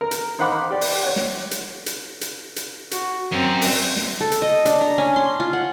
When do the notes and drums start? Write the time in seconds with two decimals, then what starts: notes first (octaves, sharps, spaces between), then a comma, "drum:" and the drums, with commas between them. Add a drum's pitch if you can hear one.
0.01 A#4
0.11 drum: hi-hat
0.39 D#4 C5 F5 F#5 B5 D6
0.71 G4 D5
0.81 drum: open hi-hat
1.03 C#5 F#5
1.16 drum: snare
1.51 drum: hi-hat
1.86 drum: hi-hat
2.21 drum: hi-hat
2.56 drum: hi-hat
2.91 F#4, drum: hi-hat
3.32 F#2 C4
3.61 drum: open hi-hat
3.97 drum: snare
4.21 A4
4.32 drum: hi-hat
4.42 D#5
4.65 D4, drum: hi-hat
4.81 A#5
4.98 C#4
5.16 C6
5.40 F4
5.53 F#5